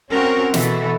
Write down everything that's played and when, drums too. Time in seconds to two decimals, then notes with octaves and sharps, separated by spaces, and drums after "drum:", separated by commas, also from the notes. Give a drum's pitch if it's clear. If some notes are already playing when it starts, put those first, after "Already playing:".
0.11 C4 C#4 F#4 A#4
0.54 B2 E3 E4 F#4 A4, drum: snare